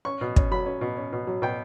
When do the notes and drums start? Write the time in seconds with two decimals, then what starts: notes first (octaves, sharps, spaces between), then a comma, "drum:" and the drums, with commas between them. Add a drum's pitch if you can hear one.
0.05 C#4 C#6
0.21 B2
0.36 C#4, drum: kick
0.51 F#3 B5
0.66 C#4
0.81 B2
0.97 C#4
1.13 B2
1.27 F#3
1.42 B2 G5